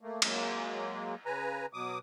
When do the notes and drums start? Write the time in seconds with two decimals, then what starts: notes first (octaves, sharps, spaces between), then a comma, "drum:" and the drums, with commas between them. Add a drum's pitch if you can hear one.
0.01 A3 A#3
0.22 F#3 G#3 A#3, drum: cymbal
1.25 C#3 B4 G#5 A#5
1.73 B2 F#3 D6 D#6